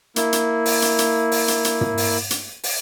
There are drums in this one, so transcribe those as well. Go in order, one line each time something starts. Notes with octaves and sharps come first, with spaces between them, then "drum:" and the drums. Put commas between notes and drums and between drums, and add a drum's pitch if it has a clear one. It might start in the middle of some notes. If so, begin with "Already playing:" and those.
A#3 E4, drum: hi-hat
drum: hi-hat
drum: open hi-hat
drum: hi-hat
drum: hi-hat
drum: open hi-hat
drum: hi-hat
drum: hi-hat
drum: tom
drum: open hi-hat
drum: hi-hat
drum: open hi-hat